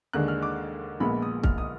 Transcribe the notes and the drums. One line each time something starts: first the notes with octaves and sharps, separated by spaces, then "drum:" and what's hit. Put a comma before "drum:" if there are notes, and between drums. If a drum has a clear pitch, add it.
D#2 D3 G#3 D4 F#6
F6
D6
A#1 A#2 G#3 B3 B5
D#6
F6, drum: kick
D#6